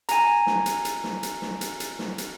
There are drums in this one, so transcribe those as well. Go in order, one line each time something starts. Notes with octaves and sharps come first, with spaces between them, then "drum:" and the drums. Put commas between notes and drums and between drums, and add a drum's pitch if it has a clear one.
G#5 A#5, drum: hi-hat
drum: snare
drum: hi-hat
drum: hi-hat
drum: snare
drum: hi-hat
drum: snare
drum: hi-hat
drum: hi-hat
drum: snare
drum: hi-hat